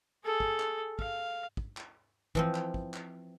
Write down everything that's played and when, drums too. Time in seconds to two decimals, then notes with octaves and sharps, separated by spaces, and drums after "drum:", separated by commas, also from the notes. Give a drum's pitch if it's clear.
0.24 G#4 A4
0.40 drum: kick
0.60 drum: clap
0.99 F5, drum: kick
1.57 drum: kick
1.77 drum: clap
2.35 E3 F3 C4, drum: kick
2.55 drum: clap
2.74 drum: kick
2.94 drum: clap